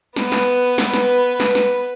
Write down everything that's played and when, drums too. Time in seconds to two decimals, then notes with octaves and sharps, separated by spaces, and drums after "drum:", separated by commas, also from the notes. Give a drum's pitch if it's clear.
0.16 B3 B4, drum: snare
0.32 drum: snare
0.78 drum: snare
0.94 drum: snare
1.40 drum: snare
1.55 drum: snare